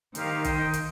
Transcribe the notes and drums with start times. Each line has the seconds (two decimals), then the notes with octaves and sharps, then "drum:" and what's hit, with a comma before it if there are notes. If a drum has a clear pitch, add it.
0.15 D#3 D#4 G4 C5 F5, drum: hi-hat
0.44 D#4 C5 D#5 G5, drum: kick, hi-hat
0.73 drum: hi-hat